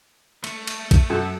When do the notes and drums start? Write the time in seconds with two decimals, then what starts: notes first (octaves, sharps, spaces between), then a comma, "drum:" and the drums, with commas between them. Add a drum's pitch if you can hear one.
0.44 A3, drum: cymbal
0.67 drum: cymbal
0.91 drum: kick, cymbal
1.10 F#2 A4